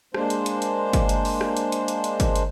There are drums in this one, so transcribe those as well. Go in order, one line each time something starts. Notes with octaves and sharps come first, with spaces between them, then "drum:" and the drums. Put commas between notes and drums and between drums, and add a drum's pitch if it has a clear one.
G#3 A#3 D4 C5, drum: rim click
drum: hi-hat
drum: hi-hat
drum: hi-hat
drum: kick G1, hi-hat
drum: hi-hat
drum: open hi-hat
drum: rim click
drum: hi-hat
drum: hi-hat
drum: hi-hat
drum: hi-hat
drum: kick G1, hi-hat
drum: hi-hat